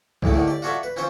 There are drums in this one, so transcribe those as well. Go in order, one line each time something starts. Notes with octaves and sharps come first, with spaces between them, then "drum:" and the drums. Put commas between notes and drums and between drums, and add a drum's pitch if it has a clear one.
D2 A2 C#3 A3, drum: kick
A2 D3 D#3
G4 D5
F4 F#4 A4 C#5 D5 E5
B4
C4 C#4 F4 C5 C#5